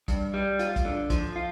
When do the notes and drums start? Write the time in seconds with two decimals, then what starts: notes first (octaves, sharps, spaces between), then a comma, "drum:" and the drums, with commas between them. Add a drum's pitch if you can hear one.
0.08 G2, drum: kick, hi-hat
0.34 G3
0.59 F4, drum: hi-hat
0.76 drum: kick, hi-hat
0.85 D3
1.10 F3, drum: kick, hi-hat
1.36 F4